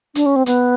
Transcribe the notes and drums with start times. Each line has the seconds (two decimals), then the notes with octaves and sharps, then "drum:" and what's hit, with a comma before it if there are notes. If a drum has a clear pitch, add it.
0.15 D4, drum: hi-hat
0.26 C#4
0.36 C4
0.46 B3, drum: hi-hat